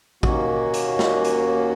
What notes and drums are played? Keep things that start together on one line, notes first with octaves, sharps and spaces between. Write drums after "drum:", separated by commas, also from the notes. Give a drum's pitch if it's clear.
D#2 D#3 A#3 C#4 F#4, drum: kick A1
drum: hi-hat
drum: snare
drum: hi-hat